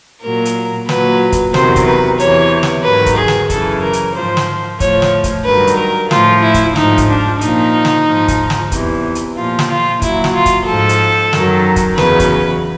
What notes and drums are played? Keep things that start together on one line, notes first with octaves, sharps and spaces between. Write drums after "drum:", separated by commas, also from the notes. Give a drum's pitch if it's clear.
A#2 F#3 A#4
drum: hi-hat
A#2 F#3 B4, drum: snare
drum: kick, hi-hat
E2 C3 D#3 F#3 C5, drum: snare
drum: kick, hi-hat
B4
E2 C3 E3 C#5, drum: hi-hat
drum: snare
G#2 D#3 F#3 B4
drum: kick, hi-hat
G#4
drum: snare
F#2 C#3 E3 A4, drum: kick, hi-hat
A#4
drum: hi-hat
G#2 F3 C5
drum: snare
A2 F3 C#5, drum: kick, hi-hat
drum: snare
drum: kick, hi-hat
G2 D#3 F#3 B4
drum: hi-hat
A#4
A2 F3 F4, drum: snare
E4
drum: kick, hi-hat
G#2 F3 D#4, drum: snare
drum: kick, hi-hat
D4
A#2 F3 D#4, drum: hi-hat
drum: snare
G#2 F3
drum: kick, hi-hat
drum: snare
E2 C3 E3, drum: kick, hi-hat
drum: hi-hat
A#2 F3 F4
drum: snare
F4
A#2 F#3 E4, drum: kick, hi-hat
drum: snare
F4
drum: kick, hi-hat
G#2 F3 A4
drum: hi-hat
F#2 D#3 F#3, drum: snare
drum: kick, hi-hat
E2 C#3 F#3 B4, drum: snare
drum: kick, hi-hat